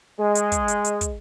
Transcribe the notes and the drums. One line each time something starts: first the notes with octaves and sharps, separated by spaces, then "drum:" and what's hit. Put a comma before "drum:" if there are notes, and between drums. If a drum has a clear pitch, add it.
G#3
drum: hi-hat
drum: kick, hi-hat
drum: hi-hat
drum: hi-hat
drum: kick, hi-hat